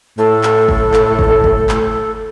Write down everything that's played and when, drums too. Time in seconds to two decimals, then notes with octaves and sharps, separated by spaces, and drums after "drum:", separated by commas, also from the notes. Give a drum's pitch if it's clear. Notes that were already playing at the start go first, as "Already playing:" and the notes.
0.18 A2 A4
0.43 drum: clap
0.69 drum: kick
0.94 drum: clap
1.19 drum: kick
1.44 drum: kick
1.69 drum: clap